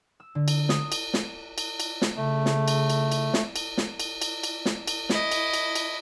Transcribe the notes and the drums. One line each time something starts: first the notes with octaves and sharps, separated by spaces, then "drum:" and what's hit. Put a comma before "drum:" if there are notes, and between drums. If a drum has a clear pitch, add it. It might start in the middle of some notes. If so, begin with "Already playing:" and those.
E6
D3
drum: cymbal
D#6, drum: snare
drum: cymbal
drum: snare
drum: cymbal
drum: cymbal
drum: snare
C#3 A3
drum: snare
drum: cymbal
drum: cymbal
drum: cymbal
drum: snare
drum: cymbal
drum: snare
drum: cymbal
drum: cymbal
drum: cymbal
drum: snare
drum: cymbal
E4 D#5, drum: snare
drum: cymbal
drum: cymbal
drum: cymbal